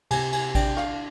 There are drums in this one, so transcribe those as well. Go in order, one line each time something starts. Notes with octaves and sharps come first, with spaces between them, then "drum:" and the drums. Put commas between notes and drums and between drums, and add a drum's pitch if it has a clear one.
C3 G#5, drum: cymbal
G#5, drum: cymbal
D4 G5, drum: kick A1, cymbal
F5, drum: rim click